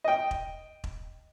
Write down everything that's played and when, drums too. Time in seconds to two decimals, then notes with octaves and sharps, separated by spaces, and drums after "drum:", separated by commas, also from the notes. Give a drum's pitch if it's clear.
0.04 D#5 G5
0.31 drum: kick E1
0.84 drum: kick E1